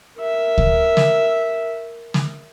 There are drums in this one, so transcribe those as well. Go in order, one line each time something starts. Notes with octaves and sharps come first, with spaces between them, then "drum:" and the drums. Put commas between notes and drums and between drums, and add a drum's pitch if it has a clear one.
A#4 E5
drum: kick
drum: snare
drum: snare